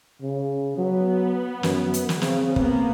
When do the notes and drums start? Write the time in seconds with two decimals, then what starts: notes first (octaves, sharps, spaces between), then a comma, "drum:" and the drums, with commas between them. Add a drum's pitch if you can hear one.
0.22 C#3
0.78 F#3 B3
1.63 F#2, drum: snare
1.94 drum: hi-hat
2.09 drum: snare
2.22 C#3 C4, drum: snare
2.56 A#3 B3, drum: kick